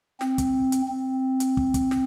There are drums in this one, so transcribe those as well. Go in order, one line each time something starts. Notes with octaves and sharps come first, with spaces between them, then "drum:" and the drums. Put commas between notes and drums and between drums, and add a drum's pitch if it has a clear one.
C4, drum: snare
drum: kick, hi-hat
drum: hi-hat
C4
drum: hi-hat
drum: kick
drum: kick, hi-hat
drum: snare